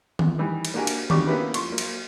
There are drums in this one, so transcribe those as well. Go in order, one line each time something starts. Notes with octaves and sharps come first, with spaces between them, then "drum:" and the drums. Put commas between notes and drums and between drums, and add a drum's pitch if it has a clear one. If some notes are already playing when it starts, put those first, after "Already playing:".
drum: tom D#3
D#3 E3 G3
drum: cymbal
A#3 D4 F#4 G4 A#4 G#5
drum: cymbal
C#3 D4 F#4 G4 C#6 D6, drum: tom D#3
A#3 B3 C#4 E4 G4 B4
F3 C6 C#6, drum: cymbal
F#3 A#3
drum: cymbal